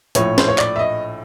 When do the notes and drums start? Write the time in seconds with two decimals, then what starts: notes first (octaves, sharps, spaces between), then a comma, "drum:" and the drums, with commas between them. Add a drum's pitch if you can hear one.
0.15 A#1 A2 F3 C#5, drum: hi-hat
0.38 C5, drum: snare
0.48 C#5
0.58 D5, drum: clap
0.76 E5
0.79 D#5